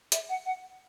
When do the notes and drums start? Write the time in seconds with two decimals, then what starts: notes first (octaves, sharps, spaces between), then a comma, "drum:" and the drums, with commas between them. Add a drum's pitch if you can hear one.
0.12 E5, drum: hi-hat
0.29 F#5
0.46 F#5